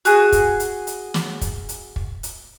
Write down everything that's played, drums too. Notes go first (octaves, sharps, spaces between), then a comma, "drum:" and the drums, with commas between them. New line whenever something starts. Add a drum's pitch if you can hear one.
F#4 G#4, drum: hi-hat
drum: kick, hi-hat
drum: hi-hat
drum: hi-hat
drum: snare
drum: kick, hi-hat
drum: hi-hat
drum: kick
drum: hi-hat